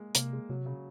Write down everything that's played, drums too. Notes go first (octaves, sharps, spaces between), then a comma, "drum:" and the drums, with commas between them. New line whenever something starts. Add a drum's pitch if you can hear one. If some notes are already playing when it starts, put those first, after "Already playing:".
Already playing: G#3 A#3
C3 A#3, drum: hi-hat
G#3
C3 F#3
C#3